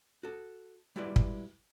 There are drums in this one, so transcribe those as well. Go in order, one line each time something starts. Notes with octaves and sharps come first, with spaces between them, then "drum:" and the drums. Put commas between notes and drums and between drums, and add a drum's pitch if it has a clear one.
F#4 A4
G3 G#3 E4 F#4 B4 D5
drum: kick